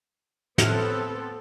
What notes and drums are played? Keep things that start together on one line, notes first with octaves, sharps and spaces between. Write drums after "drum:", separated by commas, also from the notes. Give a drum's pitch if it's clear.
A2 B3 C4 A4 F6 F#6, drum: snare